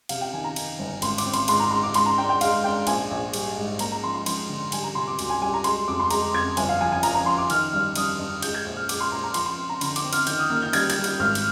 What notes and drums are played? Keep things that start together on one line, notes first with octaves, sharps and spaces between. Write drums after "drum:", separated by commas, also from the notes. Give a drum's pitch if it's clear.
C3 F5, drum: cymbal
G5
D#3 G#5
A#5
D#3, drum: cymbal
G1
G#1 C6, drum: cymbal
D6, drum: cymbal
C4
C6, drum: cymbal
G#2 C6, drum: cymbal
A#5
G#2 C6
D6
G#2 C6, drum: cymbal
A#5
D4 G5
G5
G#3 F5, drum: cymbal
D4 G5
A#1 G#5, drum: cymbal
A#1
G3, drum: cymbal
G#2
A#3 A#5, drum: cymbal
A#5
F3 C6
C6
F3 C6, drum: cymbal
D3
G3 G#5, drum: cymbal
A#5
C3 C6
D6
D2, drum: cymbal
G#5
G3 G#5
A#5
G#3 C6, drum: cymbal
F2 D6
C6
G#3 A#5, drum: cymbal
F2 G#6
G1 G#5, drum: cymbal
F5
F3 G#5
G#5
F3 A#5, drum: cymbal
A#5
F3 C6
D6
D#3 F6, drum: cymbal
G2
G2 D#6, drum: cymbal
G2
G#3 G6, drum: cymbal
G#6
A#1 G6
F6
G#3 D6, drum: cymbal
C6
A#1 A#5
A#5
F3 C6, drum: cymbal
C6
C4
A#5
D3 C6, drum: cymbal
D6, drum: cymbal
C4
F6, drum: cymbal
D#3 G6, drum: cymbal
D#6
A#3 F6
G6
G3 G#6, drum: cymbal
G#6, drum: cymbal
G3
G6, drum: cymbal
G#1 F6
drum: cymbal